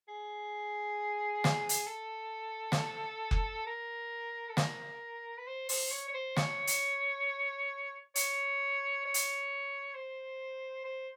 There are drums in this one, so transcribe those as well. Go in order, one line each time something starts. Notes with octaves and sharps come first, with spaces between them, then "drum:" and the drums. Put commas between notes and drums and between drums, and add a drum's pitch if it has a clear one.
G#4
drum: snare
drum: hi-hat
A4
drum: snare
drum: kick F#1
A#4
A4
A#4, drum: snare
B4
C5
C5, drum: open hi-hat
C#5
C#5
C5
C#5, drum: snare
drum: hi-hat
C#5, drum: hi-hat
C#5
drum: hi-hat
C5
C5